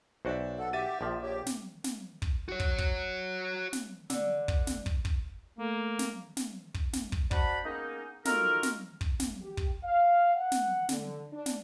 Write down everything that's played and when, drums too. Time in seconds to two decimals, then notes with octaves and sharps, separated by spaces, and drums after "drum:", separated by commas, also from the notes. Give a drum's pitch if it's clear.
0.25 B1 F#4 C5 D5 E5
0.59 B2 A4 F#5
0.73 G4 E5 A6 D#7
1.01 A#1 F3 F4
1.22 G4 C#5
1.46 drum: snare
1.84 drum: snare
2.22 drum: kick
2.49 F#4 C#5
2.60 drum: kick
2.78 drum: kick
3.73 drum: snare
4.10 D3, drum: snare
4.48 drum: kick
4.67 drum: snare
4.86 drum: kick
5.05 drum: kick
5.59 A3 A#3
5.99 drum: snare
6.37 drum: snare
6.74 drum: kick
6.93 drum: snare
7.12 drum: kick
7.31 D4 F#4 C5 F#5 A5 B5, drum: kick
7.65 G#3 A#3 B3 C#4 D#4
8.25 D#4 F4 F#4 A4 A#4, drum: snare
8.63 drum: snare
9.01 drum: kick
9.20 drum: snare
9.42 G4
9.57 drum: kick
9.83 F5
10.34 F#5
10.52 drum: snare
10.89 D3, drum: snare
11.33 D4
11.46 drum: snare